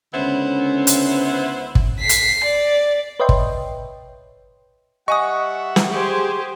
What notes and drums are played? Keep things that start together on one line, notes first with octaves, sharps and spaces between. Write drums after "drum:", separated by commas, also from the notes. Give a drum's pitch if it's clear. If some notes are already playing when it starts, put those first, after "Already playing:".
C#2 D3 B3 C#4 E4 C5
drum: hi-hat
drum: kick
B6 C7
drum: hi-hat
D5
B4 C#5 D#5 E5 G5 C6
drum: kick
G3 D#5 E5 F#5 G#5 C#6 D#6
drum: snare
G4 G#4 C5